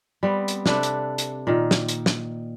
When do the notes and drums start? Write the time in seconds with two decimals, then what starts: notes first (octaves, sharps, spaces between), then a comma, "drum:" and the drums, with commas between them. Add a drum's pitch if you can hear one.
0.23 G3 B3 C4
0.48 drum: hi-hat
0.66 C3 D4 A4 B4, drum: snare
0.83 drum: hi-hat
1.18 drum: hi-hat
1.47 A#2 D#3
1.71 drum: snare
1.89 drum: hi-hat
2.06 drum: snare